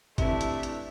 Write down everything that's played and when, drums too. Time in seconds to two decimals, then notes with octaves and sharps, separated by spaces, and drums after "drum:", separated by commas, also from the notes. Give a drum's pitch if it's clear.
0.18 C3 E3 A3 D4 E4, drum: kick G1, hi-hat
0.41 drum: hi-hat
0.63 drum: hi-hat